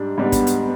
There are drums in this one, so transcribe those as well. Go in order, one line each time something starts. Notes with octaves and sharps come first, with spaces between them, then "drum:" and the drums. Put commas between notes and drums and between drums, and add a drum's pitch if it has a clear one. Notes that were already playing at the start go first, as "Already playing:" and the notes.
Already playing: G#2 G3 D4
G#2 G3 B3 D4
drum: kick G#1, hi-hat
drum: hi-hat